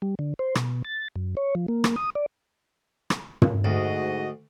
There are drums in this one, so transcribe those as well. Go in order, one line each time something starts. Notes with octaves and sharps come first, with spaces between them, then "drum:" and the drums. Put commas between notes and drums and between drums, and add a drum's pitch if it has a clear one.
G3
D3
C5
B2, drum: rim click
A6
F#2
C#5
F3
A#3
drum: rim click
D#6
D5
drum: rim click
drum: tom
D2 G#2 F#4 D#5